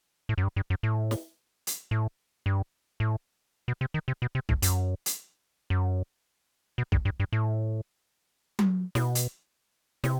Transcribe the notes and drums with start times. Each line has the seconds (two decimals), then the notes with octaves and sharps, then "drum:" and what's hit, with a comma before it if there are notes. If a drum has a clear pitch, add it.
0.29 A2
0.38 F#2
0.43 G2
0.56 G2
0.70 F#2
0.83 A2
1.11 drum: snare
1.67 drum: hi-hat
1.91 A2
2.46 G2
3.00 A2
3.68 B2
3.81 C3
3.94 D#3
4.08 C3
4.22 B2
4.35 C3
4.49 A2, drum: kick B1
4.62 F#2, drum: hi-hat
5.06 drum: hi-hat
5.70 F#2
6.78 B2
6.92 G2, drum: kick B1
7.05 G2
7.20 G2
7.33 A2
8.59 drum: tom F#3
8.95 B2, drum: snare
9.15 drum: hi-hat
10.04 C3, drum: snare